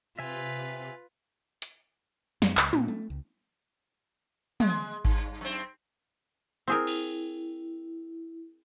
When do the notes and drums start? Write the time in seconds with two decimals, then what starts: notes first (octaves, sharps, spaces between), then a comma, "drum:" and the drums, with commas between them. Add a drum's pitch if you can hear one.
0.19 C3 F4 B4 E5 G#5
1.62 drum: hi-hat
2.42 F#2, drum: snare
2.57 C#2, drum: clap
2.73 A#2, drum: tom
2.88 A3
3.10 C#2
4.60 G#3, drum: tom
5.05 G2, drum: kick G#1
5.41 F#2 C4
6.68 C4 E4 G#4 A#4
6.87 drum: cymbal